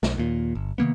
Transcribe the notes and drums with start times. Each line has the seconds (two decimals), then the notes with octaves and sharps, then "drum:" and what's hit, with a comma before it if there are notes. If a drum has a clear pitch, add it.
0.03 B1, drum: snare
0.18 D#2 A#2
0.55 G1
0.78 C3 D#3 A#3 B3